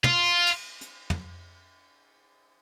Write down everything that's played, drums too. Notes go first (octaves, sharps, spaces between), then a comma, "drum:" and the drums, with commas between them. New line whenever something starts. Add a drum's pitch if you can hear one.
F4, drum: tom
drum: cymbal
drum: hi-hat
drum: tom